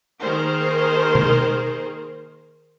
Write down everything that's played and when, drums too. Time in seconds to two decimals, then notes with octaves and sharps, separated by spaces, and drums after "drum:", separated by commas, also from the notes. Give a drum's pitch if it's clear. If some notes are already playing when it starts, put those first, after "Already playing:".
0.20 D#3 A#3 G#4 A#4 C5
1.15 drum: tom